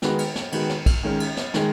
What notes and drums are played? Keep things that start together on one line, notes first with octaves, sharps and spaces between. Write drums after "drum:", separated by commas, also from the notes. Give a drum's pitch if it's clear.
D#3 G#3 B3 F#4, drum: snare
drum: cymbal
drum: snare
D#3 G#3 B3 F#4, drum: cymbal
drum: snare
drum: kick, cymbal
D#3 G#3 C#4
drum: cymbal
drum: snare
D#3 G#3, drum: snare